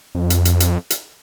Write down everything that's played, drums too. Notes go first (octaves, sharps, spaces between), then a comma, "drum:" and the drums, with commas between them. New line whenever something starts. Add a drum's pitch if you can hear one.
F2
drum: hi-hat
drum: hi-hat
drum: hi-hat
drum: hi-hat